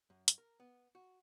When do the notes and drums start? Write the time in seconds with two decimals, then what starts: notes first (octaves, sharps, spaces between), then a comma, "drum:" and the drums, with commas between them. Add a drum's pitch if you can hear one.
0.10 F#2
0.28 drum: hi-hat
0.38 A#4
0.60 B3
0.95 F#4